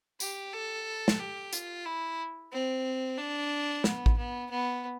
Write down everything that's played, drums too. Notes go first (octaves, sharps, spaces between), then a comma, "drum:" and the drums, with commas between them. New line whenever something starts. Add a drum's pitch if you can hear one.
G4, drum: tambourine
A4
drum: snare
G4
F4, drum: hi-hat
E4
C4
D4
B3, drum: snare
drum: kick A1
B3
B3